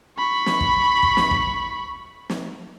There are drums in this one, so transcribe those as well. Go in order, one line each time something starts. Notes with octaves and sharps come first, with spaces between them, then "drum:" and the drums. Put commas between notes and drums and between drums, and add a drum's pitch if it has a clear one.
B5 C#6
drum: snare
drum: kick
drum: kick
drum: snare
drum: kick
drum: snare